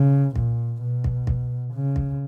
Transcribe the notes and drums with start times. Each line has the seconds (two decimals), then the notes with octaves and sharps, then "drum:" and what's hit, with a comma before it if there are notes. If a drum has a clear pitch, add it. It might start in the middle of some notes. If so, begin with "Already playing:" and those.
Already playing: C#3
0.36 A#2, drum: kick
0.82 B2
1.04 drum: kick
1.27 drum: kick
1.73 C#3
1.96 drum: kick